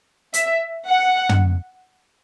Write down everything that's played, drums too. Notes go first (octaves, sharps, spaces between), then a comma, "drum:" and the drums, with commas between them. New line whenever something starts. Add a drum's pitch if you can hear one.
E5, drum: hi-hat
F#5
drum: tom